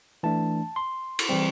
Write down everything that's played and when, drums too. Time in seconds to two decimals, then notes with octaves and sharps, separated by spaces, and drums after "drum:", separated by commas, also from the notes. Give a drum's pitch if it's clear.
0.23 E3 A3 D4 A5
0.76 C6
1.19 drum: cymbal
1.29 E3 G3 C4